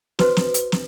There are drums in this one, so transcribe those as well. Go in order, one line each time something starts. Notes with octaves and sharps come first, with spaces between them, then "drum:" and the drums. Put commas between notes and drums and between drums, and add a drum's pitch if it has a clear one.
F#4 B4 C5, drum: snare
drum: snare
drum: hi-hat
drum: snare